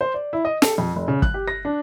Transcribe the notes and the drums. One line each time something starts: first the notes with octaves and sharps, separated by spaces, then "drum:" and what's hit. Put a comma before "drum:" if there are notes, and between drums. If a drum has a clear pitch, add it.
C5
D5
E4
D#5
A4, drum: snare
F2
F1
C#3
F#6, drum: kick
G4
A#6
D4